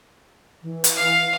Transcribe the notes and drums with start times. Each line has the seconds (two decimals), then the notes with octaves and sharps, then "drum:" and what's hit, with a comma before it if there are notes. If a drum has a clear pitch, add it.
0.63 E3
0.84 drum: hi-hat
0.95 F5